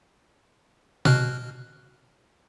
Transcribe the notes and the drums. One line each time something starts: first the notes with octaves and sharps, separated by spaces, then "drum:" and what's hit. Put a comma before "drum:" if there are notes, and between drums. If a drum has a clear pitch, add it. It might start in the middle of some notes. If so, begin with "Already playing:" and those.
B2 F6 F#6, drum: tom B2